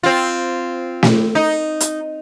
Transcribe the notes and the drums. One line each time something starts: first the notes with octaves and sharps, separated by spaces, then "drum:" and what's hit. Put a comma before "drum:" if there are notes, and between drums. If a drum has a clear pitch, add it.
C4 F4
drum: snare
D#4
drum: hi-hat